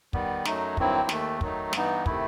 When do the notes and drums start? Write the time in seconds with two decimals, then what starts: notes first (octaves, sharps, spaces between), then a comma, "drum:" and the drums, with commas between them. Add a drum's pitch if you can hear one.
0.13 D#3 G3 B3, drum: kick
0.45 F#2 F#3 A3 D#4, drum: snare
0.77 G2 D#3 F#3 C4 E4, drum: kick
1.09 D#2 D#3 A3, drum: snare
1.41 D#3 F#3 A3 D#4, drum: kick
1.73 G2 E3 B3 D#4, drum: snare
2.06 C3 D#3 A3 E4, drum: kick